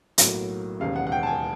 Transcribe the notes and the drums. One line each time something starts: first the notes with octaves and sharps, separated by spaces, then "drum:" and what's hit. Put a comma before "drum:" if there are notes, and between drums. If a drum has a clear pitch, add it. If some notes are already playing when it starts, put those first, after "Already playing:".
B1 A2 F#3 A#3, drum: hi-hat
E1 D#2 C#3 F5
F#5
F#5
G5
A5
G#5